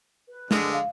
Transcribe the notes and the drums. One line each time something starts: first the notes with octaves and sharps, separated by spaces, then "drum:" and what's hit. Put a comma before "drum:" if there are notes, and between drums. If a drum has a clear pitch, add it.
B4
D3 G#3, drum: snare
F5